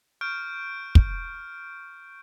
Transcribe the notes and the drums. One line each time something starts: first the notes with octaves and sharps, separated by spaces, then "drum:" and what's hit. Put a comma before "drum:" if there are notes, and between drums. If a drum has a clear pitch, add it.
C#6 F6 G6 D7
drum: kick